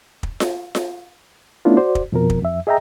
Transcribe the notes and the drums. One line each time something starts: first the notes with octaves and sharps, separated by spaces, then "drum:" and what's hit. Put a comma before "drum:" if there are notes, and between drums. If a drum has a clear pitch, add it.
drum: kick
drum: snare F4
drum: snare F4
A3 B3 C#4 D4 E4 F4
F#4 C5 D5
drum: kick
F2 B2 F3 A#4
drum: kick
F2 E5
G#4 D#5 E5 G5 A#5